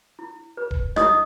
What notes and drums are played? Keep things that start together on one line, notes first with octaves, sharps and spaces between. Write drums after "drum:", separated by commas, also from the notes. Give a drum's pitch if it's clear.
E4
B4
drum: kick D#1
E4 D#5 D#6, drum: rim click